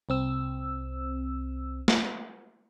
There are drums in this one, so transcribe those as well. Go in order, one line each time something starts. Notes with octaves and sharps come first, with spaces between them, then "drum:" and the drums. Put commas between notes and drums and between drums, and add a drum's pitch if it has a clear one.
C2 C4 E6
drum: snare